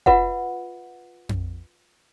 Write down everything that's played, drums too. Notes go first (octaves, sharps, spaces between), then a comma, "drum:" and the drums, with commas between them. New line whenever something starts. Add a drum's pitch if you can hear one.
F4 B4 E5 F#5, drum: kick F1
drum: tom F2